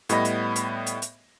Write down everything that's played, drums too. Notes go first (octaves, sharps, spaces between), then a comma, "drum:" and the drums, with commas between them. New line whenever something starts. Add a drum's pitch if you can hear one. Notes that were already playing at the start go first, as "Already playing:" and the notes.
A2 G3 B3 D#5 B5 A#6, drum: hi-hat
drum: hi-hat
drum: hi-hat
drum: hi-hat
drum: hi-hat